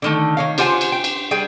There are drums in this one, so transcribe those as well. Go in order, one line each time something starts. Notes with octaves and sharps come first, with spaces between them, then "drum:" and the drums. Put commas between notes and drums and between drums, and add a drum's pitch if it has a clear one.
D3 D#3 A3
D#3 C#5 F5
F4 G4 C5 F#5 G#5, drum: cymbal
drum: cymbal
G5
drum: cymbal
G3 G#4 G5